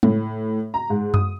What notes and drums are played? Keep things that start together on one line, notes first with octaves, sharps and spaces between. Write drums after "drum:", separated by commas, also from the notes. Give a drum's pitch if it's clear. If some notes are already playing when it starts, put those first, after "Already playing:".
A2, drum: tom G#3
A#5
G#2
D#6, drum: tom F#2